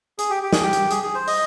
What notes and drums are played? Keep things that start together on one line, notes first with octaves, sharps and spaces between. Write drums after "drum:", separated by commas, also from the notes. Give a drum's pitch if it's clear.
G#4, drum: hi-hat
G4
G4
G#4, drum: snare
G4
drum: hi-hat
G#4, drum: hi-hat
G#4
C5
D#5, drum: open hi-hat